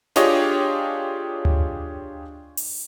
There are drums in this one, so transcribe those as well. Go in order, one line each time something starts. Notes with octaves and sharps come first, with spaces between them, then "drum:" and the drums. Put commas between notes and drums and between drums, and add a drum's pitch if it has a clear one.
D4 F4 G4 G#4 C#5 D#5, drum: snare
drum: tom D2
drum: open hi-hat